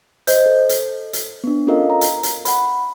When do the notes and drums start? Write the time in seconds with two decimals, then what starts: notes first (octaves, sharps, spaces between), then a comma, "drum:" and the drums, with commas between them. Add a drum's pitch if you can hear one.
0.27 C5 D#5 G6, drum: hi-hat
0.46 A4
0.69 drum: hi-hat
1.13 drum: hi-hat
1.44 B3 D4
1.67 C#4 F4 A4 A#4 D#5 F5
1.90 A#5
2.01 drum: hi-hat
2.23 drum: hi-hat
2.45 F#5 B5, drum: hi-hat